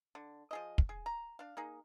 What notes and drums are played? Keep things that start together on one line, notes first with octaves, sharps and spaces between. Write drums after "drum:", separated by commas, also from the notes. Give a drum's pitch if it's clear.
D3
F3 G#4 D#5
drum: kick
G#4
A#5
D4 F5
A#3 D#4 G#4